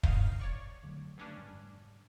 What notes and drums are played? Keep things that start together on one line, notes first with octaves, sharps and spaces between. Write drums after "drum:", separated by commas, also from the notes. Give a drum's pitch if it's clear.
D#4 F5 D#7, drum: kick
C#5 D5 C#6
D3 F#3 A3
G2 A3 C#4 D4
F1 G#2 G3